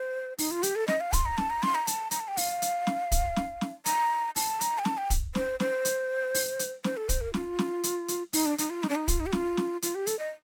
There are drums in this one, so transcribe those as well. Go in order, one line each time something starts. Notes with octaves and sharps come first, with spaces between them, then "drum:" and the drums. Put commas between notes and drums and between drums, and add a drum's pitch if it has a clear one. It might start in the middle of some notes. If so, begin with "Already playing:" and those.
Already playing: C5
D#4, drum: open hi-hat
F4
G4, drum: hi-hat
A4
D#5, drum: snare
F5
C6, drum: kick, hi-hat
A#5
A5, drum: snare
A#5
C6, drum: snare
A#5
A5, drum: hi-hat
A#5, drum: hi-hat
A5
G5
F5, drum: open hi-hat
drum: hi-hat
drum: snare
drum: kick, hi-hat
drum: snare
drum: snare
A#5, drum: hi-hat
A5, drum: open hi-hat
A#5, drum: hi-hat
G5
A5, drum: snare
G5
drum: kick, hi-hat
C5, drum: snare
C5, drum: snare
drum: hi-hat
drum: open hi-hat
drum: hi-hat
C5, drum: snare
A4
C5, drum: kick, hi-hat
A#4
F4, drum: snare
drum: snare
drum: hi-hat
drum: hi-hat
D#4, drum: open hi-hat
D4
D#4, drum: hi-hat
F4
D#4, drum: snare
D4
D#4
F4, drum: kick, hi-hat
D#4
G4
F4, drum: snare
drum: snare
F4, drum: hi-hat
G4
A4, drum: hi-hat
D#5